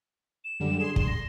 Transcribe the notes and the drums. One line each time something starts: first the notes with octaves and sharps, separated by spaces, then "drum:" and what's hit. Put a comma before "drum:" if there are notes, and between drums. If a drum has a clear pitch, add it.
E7
F#2 D3 G3
G#4 C6
C6, drum: kick
A#6